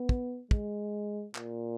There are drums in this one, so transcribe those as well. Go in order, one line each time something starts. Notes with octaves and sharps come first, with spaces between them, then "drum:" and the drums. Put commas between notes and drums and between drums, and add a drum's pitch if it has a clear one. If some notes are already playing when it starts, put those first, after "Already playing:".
Already playing: B3
drum: kick
G#3, drum: kick
A#2, drum: clap